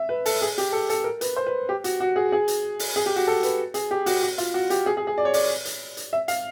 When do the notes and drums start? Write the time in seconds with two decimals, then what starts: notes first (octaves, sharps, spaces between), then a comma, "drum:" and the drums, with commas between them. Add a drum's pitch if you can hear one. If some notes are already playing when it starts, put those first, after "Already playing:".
Already playing: E5
0.09 B4
0.26 A4, drum: open hi-hat
0.42 G#4
0.58 G4, drum: hi-hat
0.72 A4
0.90 A4, drum: hi-hat
1.04 A#4
1.21 B4, drum: hi-hat
1.36 C5
1.47 B4
1.69 G4
1.84 F#4, drum: hi-hat
2.00 F#4
2.16 G#4
2.32 G#4
2.48 drum: hi-hat
2.79 drum: open hi-hat
2.96 G#4
3.06 G4
3.16 F#4
3.27 A4
3.43 B4, drum: hi-hat
3.74 G#4, drum: hi-hat
3.91 G4
4.06 F#4, drum: open hi-hat
4.22 F#4
4.38 F4, drum: hi-hat
4.54 F#4
4.70 G4, drum: hi-hat
4.86 G#4
4.97 G#4
5.07 G#4
5.18 D5
5.25 C#5
5.34 D5, drum: open hi-hat
5.65 drum: hi-hat
5.97 drum: hi-hat
6.13 E5
6.28 F5, drum: hi-hat